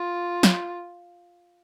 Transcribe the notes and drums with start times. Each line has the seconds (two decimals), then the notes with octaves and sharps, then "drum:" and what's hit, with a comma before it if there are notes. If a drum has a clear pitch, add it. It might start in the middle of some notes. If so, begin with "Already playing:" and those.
Already playing: F4
0.43 drum: snare